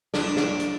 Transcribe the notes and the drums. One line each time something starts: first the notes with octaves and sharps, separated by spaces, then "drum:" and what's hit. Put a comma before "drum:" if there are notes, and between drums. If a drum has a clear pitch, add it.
D4, drum: snare
drum: snare
drum: hi-hat